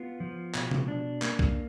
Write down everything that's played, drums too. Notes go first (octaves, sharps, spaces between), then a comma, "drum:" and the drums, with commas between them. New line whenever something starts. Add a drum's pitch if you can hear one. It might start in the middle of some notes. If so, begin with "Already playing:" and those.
Already playing: B3 F4
F3
B2, drum: clap
drum: tom C3
D4
A#3, drum: clap
drum: kick B1